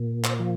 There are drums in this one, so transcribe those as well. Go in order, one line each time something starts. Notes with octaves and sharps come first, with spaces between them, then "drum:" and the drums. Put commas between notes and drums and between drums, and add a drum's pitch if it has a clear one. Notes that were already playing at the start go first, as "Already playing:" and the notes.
Already playing: A#2
C5, drum: clap
F3